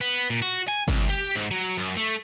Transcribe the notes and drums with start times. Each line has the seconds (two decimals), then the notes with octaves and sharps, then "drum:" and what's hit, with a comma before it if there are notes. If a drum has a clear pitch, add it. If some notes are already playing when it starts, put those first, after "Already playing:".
0.01 B3
0.30 A#2
0.42 F#4
0.68 G#5, drum: hi-hat
0.88 C2, drum: kick G1, hi-hat
1.09 G4, drum: hi-hat
1.26 drum: hi-hat
1.35 G#2
1.51 F#3
1.65 drum: hi-hat
1.78 F#2
1.97 A3